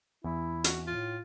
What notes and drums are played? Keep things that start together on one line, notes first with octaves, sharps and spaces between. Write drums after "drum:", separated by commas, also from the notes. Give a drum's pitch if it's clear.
E2 E4
F#4, drum: hi-hat
A2 F4